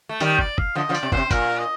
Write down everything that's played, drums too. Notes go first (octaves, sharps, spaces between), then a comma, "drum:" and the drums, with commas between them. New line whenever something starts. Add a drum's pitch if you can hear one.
A3
D#3 G3, drum: hi-hat
D5, drum: kick
F5, drum: kick
D3 F3 D#5
D3 F3
D5, drum: hi-hat
C3
A#2 C5, drum: kick
C3
A#2 A#4, drum: kick, hi-hat
D#5